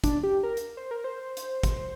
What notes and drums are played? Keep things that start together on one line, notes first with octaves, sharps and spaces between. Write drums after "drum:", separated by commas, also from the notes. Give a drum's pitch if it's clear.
D4, drum: kick, hi-hat
G4
A#4
drum: hi-hat
C5
A#4
C5
drum: hi-hat
drum: kick, hi-hat